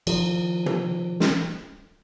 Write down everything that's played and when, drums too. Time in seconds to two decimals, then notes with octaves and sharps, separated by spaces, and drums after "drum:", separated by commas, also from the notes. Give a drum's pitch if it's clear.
0.07 D#3 F3, drum: cymbal
0.66 drum: tom
1.20 drum: snare